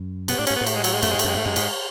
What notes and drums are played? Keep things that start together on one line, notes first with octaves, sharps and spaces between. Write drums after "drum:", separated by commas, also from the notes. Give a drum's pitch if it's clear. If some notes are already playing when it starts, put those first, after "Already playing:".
Already playing: F#2
B2 B3, drum: cymbal
A2 D4
C#4, drum: cymbal
G#2
B3
A2
A3, drum: cymbal
G#3
F#3, drum: cymbal
G#3
F#2 A3, drum: cymbal
G#2 G#3
A3, drum: cymbal
F#2 G#3
G#2 A3
F#2 G#3
G#2, drum: cymbal